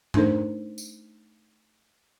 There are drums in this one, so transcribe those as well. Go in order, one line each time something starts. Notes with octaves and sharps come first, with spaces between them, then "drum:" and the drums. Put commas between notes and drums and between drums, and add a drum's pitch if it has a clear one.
A3 D4 D#4 A4 A#4 C5, drum: tom G#2
drum: tambourine